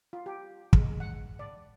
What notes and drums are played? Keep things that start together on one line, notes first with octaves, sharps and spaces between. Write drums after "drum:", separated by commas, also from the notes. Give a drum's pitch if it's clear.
F4
G4
G#3, drum: kick
F#5
D5